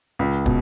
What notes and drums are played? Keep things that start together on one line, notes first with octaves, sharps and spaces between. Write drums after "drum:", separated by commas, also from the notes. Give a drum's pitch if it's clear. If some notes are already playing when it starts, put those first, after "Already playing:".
C#2
B2, drum: kick